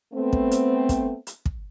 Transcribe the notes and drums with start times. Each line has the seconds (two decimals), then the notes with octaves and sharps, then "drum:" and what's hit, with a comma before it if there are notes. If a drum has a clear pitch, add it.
0.14 A3 B3 C4
0.33 drum: kick
0.51 drum: hi-hat
0.89 drum: kick, hi-hat
1.27 drum: hi-hat
1.46 drum: kick